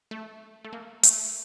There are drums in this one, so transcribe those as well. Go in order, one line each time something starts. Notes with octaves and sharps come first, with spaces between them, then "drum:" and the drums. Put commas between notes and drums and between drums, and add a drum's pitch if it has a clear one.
A3
A3
A#3
A3, drum: hi-hat